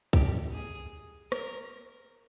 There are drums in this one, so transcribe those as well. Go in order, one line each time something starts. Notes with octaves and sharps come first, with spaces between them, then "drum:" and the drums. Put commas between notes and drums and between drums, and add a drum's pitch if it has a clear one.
G4, drum: kick
G#4
A#4, drum: rim click